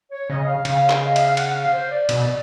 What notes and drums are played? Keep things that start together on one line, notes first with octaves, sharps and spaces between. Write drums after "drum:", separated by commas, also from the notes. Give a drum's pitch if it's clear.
C#5
C#3 D#5
F5
C#3, drum: cymbal
drum: clap
D#5
E5, drum: cymbal
F5
F#5, drum: cymbal
F5
C5
D5
B2, drum: cymbal